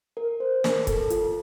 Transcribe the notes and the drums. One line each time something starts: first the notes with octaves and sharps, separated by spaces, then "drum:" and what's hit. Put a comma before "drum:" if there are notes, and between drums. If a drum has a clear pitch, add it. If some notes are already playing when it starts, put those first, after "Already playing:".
A#4
C5
A#4, drum: snare
A4, drum: kick, hi-hat
F4, drum: hi-hat